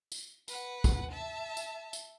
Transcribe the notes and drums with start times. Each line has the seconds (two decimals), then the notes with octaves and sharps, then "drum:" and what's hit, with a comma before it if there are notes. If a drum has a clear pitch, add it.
0.12 drum: tambourine
0.48 B4 F#5, drum: tambourine
0.84 drum: kick, tambourine
1.12 E5 A5
1.57 drum: tambourine
1.93 drum: tambourine